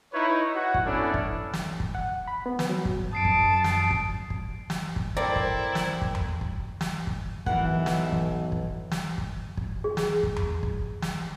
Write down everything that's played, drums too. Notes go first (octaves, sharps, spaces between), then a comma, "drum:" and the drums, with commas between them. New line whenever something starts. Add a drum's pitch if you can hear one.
D#4 E4 B4 C#5
F#4
drum: kick
B3 C#4 D4 E4 A4
drum: kick
drum: snare
drum: kick
F#5
B5
B3
drum: snare
F#3
drum: kick
F#2 A5 D#6 C7 D7
drum: kick
drum: snare
drum: kick
drum: kick
drum: snare
drum: kick
C4 E4 A4 A#4 D5 A#5
drum: kick
drum: snare
drum: kick
drum: tom E2
drum: kick
drum: snare
drum: kick
B1 E3 A#4 F#5, drum: kick
drum: snare
drum: kick
drum: kick
drum: snare
drum: kick
drum: kick
G#4
drum: snare
drum: kick
drum: tom E2
drum: kick
drum: snare